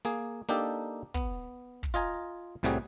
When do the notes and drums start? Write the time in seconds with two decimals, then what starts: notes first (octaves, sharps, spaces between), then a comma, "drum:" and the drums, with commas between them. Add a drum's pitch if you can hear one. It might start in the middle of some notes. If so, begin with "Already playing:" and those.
0.05 A#3 G#4
0.49 A#3 D4 D#4 G4 A4, drum: hi-hat
1.14 B3, drum: kick
1.83 drum: kick
1.94 F4 D#5 G#5 A#5
2.63 C2 A2 C3 G3 F#4 G#4